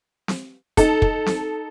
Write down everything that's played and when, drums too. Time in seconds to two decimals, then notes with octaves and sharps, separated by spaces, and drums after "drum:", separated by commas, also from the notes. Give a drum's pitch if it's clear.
0.28 drum: snare C4
0.77 D#4 A4, drum: kick, hi-hat
1.02 drum: kick
1.26 drum: snare C4